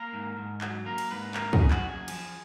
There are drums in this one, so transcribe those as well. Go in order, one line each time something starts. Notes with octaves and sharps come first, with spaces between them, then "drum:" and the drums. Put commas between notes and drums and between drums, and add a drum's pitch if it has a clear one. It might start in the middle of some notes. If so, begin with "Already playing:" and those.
Already playing: A#3 A#4
G#2
G#2
F#3, drum: clap
A#3 A#4
drum: cymbal
G#2 B4
A#3 A#4, drum: clap
G#4, drum: kick
F#2
F#4, drum: clap
F#2
G#4
F3, drum: cymbal